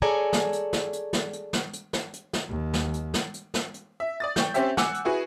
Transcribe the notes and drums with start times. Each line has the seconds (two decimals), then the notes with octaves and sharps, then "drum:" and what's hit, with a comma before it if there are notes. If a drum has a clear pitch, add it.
0.02 G#4 A4 C#5 D5 G#5 A#5
0.33 drum: snare
0.53 drum: hi-hat
0.73 drum: snare
0.93 drum: hi-hat
1.13 drum: snare
1.33 drum: hi-hat
1.53 drum: snare
1.73 drum: hi-hat
1.93 drum: snare
2.13 drum: hi-hat
2.33 drum: snare
2.49 D#2
2.74 drum: snare
2.94 drum: hi-hat
3.14 drum: snare
3.34 drum: hi-hat
3.54 drum: snare
3.74 drum: hi-hat
4.00 E5
4.20 D5 D#6 A6
4.36 G5 C#6 G6, drum: snare
4.54 C4 C#4 G4 C5 E5, drum: hi-hat
4.77 F#5 G#5 D6 E6, drum: snare
4.94 drum: hi-hat
5.05 E4 F#4 G#4 B4